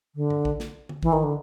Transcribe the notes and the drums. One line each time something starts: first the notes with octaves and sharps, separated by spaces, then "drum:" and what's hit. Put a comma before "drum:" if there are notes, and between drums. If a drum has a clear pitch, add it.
D3
drum: tom G2
drum: kick A1
drum: snare
drum: tom D3
E3, drum: kick A1
D#3
D3